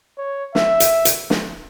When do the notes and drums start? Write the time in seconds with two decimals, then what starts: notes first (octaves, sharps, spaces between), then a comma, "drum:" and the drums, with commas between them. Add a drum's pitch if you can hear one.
0.18 C#5
0.55 E5, drum: snare
0.80 drum: hi-hat
1.05 drum: hi-hat
1.30 drum: snare